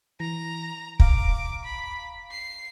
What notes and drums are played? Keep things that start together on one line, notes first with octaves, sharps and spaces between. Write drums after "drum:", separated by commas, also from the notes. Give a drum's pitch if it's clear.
E3 A#5 A#6
F5 A#5 D6, drum: kick
B5
C7